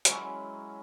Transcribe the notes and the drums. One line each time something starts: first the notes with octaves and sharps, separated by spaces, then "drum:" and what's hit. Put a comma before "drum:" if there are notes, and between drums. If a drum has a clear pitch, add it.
F#3 G#3 C#4 E4, drum: hi-hat